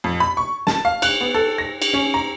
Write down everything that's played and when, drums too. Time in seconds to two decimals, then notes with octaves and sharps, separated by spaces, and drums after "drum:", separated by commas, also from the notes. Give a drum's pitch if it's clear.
0.04 F2
0.20 B5
0.37 C#6
0.67 A5, drum: snare
0.85 F5
1.02 F#6, drum: cymbal
1.21 B3
1.35 A4
1.58 A#6
1.82 drum: cymbal
1.94 C#4
2.14 A#5